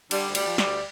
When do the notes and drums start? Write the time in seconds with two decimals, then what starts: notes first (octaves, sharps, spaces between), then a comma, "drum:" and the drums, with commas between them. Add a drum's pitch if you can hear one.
0.11 D3 G3, drum: cymbal
0.29 D2
0.35 G3, drum: cymbal
0.46 F3
0.58 G3, drum: snare
0.64 D2